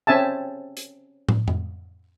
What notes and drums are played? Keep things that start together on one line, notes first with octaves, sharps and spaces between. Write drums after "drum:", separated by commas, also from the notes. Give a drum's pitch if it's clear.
C4 C#4 E5 G#5 A5
drum: hi-hat
drum: tom
drum: tom F2